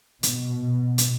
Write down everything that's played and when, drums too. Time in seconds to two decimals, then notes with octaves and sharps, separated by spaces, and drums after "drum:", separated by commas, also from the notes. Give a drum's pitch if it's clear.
0.23 B2, drum: hi-hat
0.98 drum: hi-hat